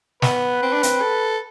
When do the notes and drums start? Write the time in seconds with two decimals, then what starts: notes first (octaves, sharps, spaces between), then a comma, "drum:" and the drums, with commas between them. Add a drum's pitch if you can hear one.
0.22 B3 B4, drum: snare
0.63 C4
0.73 D4
0.83 C4, drum: hi-hat
1.02 A4